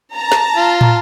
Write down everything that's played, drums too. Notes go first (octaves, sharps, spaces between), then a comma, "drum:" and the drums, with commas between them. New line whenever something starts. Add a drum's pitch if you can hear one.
A5 A#5
drum: snare
F4
drum: tom